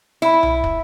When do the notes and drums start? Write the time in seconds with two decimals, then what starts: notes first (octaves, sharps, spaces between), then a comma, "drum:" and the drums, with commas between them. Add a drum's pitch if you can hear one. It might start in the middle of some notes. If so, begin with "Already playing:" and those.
0.22 E4
0.43 drum: tom B1
0.64 drum: kick